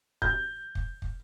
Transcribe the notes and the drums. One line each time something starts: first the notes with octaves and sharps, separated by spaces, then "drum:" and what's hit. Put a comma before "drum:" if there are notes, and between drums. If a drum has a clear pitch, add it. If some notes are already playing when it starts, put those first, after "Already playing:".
G6, drum: kick
drum: kick
drum: kick